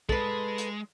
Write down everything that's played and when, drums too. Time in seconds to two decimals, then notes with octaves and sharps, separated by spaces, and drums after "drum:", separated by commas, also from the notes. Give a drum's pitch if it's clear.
0.09 G#3 A4 B4, drum: kick
0.58 drum: hi-hat